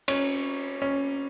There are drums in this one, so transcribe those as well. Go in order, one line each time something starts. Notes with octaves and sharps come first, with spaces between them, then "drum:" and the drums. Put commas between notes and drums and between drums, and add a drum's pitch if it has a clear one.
C#4, drum: cymbal
C#4